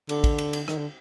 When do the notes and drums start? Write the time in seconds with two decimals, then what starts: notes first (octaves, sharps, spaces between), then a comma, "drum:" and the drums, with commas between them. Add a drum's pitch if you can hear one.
0.09 D3, drum: cymbal
0.24 drum: kick, cymbal
0.38 drum: cymbal
0.53 drum: cymbal
0.68 D#3, drum: rim click
0.78 D3